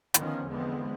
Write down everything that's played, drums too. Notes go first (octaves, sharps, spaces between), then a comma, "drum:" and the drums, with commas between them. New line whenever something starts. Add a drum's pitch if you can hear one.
D3 D#3 F3 B3 C#4, drum: hi-hat
E2 D3 F3 G#3 B3 C4